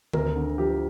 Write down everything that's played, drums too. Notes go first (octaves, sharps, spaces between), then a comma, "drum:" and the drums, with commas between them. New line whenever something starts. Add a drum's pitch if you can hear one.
D2 A#4, drum: tom D#3
D3
F3 G4